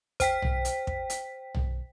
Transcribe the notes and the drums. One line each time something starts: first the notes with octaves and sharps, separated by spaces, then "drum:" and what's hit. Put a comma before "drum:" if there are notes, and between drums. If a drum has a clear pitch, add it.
C5 G5 B6, drum: kick, hi-hat
drum: tom B1
drum: hi-hat
drum: kick
drum: hi-hat
drum: tom B1